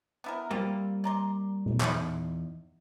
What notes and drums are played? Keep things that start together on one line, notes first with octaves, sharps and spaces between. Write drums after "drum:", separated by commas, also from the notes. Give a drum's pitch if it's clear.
B3 E4 A#4
G3 A#3 C4 F4
D5 A#5 C6
drum: tom A#2
E2 D#4, drum: clap